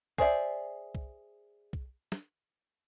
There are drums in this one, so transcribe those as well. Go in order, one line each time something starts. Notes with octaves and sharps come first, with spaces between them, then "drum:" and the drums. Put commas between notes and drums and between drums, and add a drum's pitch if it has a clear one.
G#4 C5 D5 E5, drum: kick
drum: kick
drum: kick
drum: snare